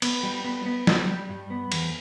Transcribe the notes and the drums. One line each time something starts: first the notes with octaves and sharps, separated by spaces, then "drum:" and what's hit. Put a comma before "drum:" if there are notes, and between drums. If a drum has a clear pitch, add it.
B3, drum: cymbal
G3
B3
B3
G3, drum: snare
G3
G2
B3
E2, drum: cymbal